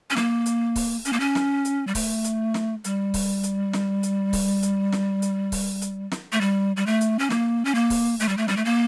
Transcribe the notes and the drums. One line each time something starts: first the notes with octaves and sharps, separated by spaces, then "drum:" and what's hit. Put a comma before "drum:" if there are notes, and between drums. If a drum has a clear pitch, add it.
C#4
A#3, drum: snare
drum: hi-hat
drum: kick C#1, open hi-hat
C#4, drum: hi-hat
A#3
C#4
drum: snare
drum: hi-hat
G3
A3, drum: kick C#1, open hi-hat
drum: hi-hat
drum: snare
G3, drum: hi-hat
drum: kick C#1, open hi-hat
drum: hi-hat
drum: snare
drum: hi-hat
drum: kick C#1, open hi-hat
drum: hi-hat
drum: snare
drum: hi-hat
drum: kick C#1, open hi-hat
drum: hi-hat
drum: snare
A3
G3
G3
A3
drum: hi-hat
C#4
A#3, drum: snare
C#4
A#3
drum: kick C#1, open hi-hat
A3, drum: hi-hat
G3
A3
G3, drum: snare
A3
A#3